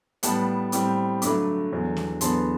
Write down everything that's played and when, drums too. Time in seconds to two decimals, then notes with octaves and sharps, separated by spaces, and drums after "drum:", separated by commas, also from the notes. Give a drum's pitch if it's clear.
0.23 A2 G3 B3 F#5 A5, drum: hi-hat
0.72 A2 G3 C4, drum: hi-hat
1.22 G2 D3 F#3 A3 B5 D6, drum: hi-hat
1.72 E2 D3 F#3
1.97 drum: snare B3
2.21 E2 D3 F#3 B3 A5 C6, drum: hi-hat